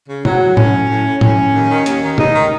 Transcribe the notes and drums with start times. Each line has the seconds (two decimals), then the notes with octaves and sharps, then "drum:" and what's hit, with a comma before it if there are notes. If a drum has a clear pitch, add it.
0.09 C#3
0.25 A2 F#3, drum: tom C3
0.57 A2 C#4, drum: tom A2
0.90 A2
1.21 A2 C#4, drum: tom A2
1.54 D#2
1.71 D#3
1.86 D#2, drum: hi-hat
2.03 D#3
2.18 D#2 D#4, drum: tom C3
2.34 D#3